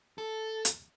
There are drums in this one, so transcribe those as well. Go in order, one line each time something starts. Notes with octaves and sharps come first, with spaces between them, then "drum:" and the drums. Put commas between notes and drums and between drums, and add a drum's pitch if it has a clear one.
A4
drum: hi-hat